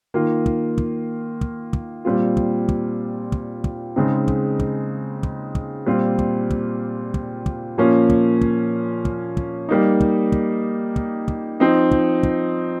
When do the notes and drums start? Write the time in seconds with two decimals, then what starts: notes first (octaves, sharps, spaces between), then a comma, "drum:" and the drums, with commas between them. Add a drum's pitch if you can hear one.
0.14 D#3 A#3 F4
0.46 drum: kick
0.78 drum: kick
1.41 drum: kick
1.73 drum: kick
2.05 A#2 G3 C4 F4
2.37 drum: kick
2.69 drum: kick
3.32 drum: kick
3.64 drum: kick
3.96 C#3 G#3 C4 D#4
4.28 drum: kick
4.60 drum: kick
5.23 drum: kick
5.55 drum: kick
5.86 A#2 G3 C4 F4
6.19 drum: kick
6.50 drum: kick
7.14 drum: kick
7.46 drum: kick
7.78 A#2 F3 A#3 C#4 F4
8.10 drum: kick
8.41 drum: kick
9.05 drum: kick
9.37 drum: kick
9.69 G3 A#3 D#4
10.00 drum: kick
10.32 drum: kick
10.96 drum: kick
11.28 drum: kick
11.60 F3 C4 D#4
11.91 drum: kick
12.23 drum: kick